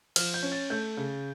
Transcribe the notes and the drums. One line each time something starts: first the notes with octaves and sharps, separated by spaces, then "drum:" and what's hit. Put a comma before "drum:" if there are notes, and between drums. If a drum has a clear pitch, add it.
F3 F6, drum: cymbal
G6
C#4
A6
A3 G6
C#3